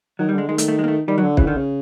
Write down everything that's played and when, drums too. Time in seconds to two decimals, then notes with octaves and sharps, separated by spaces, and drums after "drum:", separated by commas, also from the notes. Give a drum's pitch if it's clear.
0.19 D#3 F#3
0.29 G3
0.34 D3 G#3
0.48 D#3 G#3
0.58 A3, drum: hi-hat
0.68 A3
0.79 G#3
0.84 A#3
0.88 A3
1.07 D#3 G3
1.18 F#3
1.22 D3
1.37 C#3 E3, drum: kick
1.47 D3 D#3
1.57 C#3